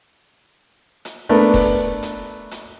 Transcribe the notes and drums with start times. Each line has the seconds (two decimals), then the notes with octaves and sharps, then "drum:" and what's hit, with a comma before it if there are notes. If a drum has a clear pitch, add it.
1.05 drum: hi-hat
1.29 A3 B3 D4 A#4
1.54 drum: kick E1, open hi-hat
2.03 drum: hi-hat
2.51 drum: hi-hat